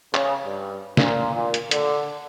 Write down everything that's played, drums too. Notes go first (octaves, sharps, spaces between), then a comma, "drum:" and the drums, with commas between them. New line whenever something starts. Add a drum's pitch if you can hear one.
C#3, drum: clap
G2
A#2, drum: snare
A#2
drum: hi-hat
D3, drum: hi-hat